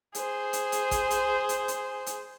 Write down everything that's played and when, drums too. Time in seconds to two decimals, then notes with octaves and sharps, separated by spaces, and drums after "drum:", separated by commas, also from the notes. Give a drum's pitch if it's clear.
0.15 G#4 C5, drum: hi-hat
0.53 drum: hi-hat
0.72 drum: hi-hat
0.91 drum: kick G#1, hi-hat
1.10 drum: hi-hat
1.49 drum: hi-hat
1.68 drum: hi-hat
2.06 drum: hi-hat